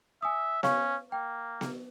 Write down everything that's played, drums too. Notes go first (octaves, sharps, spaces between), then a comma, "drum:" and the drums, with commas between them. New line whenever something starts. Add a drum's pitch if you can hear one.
E5 G#5 D#6
C#4 C#5 F5 C#6, drum: snare B3
A#3 G5
drum: snare B3